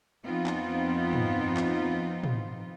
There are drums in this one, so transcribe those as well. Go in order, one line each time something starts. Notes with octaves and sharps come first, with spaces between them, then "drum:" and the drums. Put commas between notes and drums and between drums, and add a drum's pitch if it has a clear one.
F2 B3 C4 D#4 F4
drum: clap
drum: tom
drum: clap
drum: tom